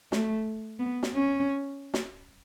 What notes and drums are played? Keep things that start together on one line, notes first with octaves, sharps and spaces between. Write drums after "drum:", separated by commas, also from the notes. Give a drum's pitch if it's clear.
A3, drum: snare
B3
drum: snare
C#4
drum: snare